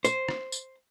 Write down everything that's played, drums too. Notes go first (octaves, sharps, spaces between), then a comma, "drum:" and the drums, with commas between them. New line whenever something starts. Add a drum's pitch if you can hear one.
C5, drum: tambourine
drum: rim click
drum: tambourine